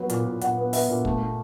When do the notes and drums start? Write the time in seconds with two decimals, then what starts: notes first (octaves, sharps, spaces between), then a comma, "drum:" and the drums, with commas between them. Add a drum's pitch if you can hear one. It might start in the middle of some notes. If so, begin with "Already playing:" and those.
Already playing: F#3 B3
0.10 A#2, drum: hi-hat
0.26 A#2
0.41 A#2 F#5, drum: hi-hat
0.57 B3
0.73 B3 E5, drum: open hi-hat
0.89 A#2
1.05 A3, drum: kick
1.20 A3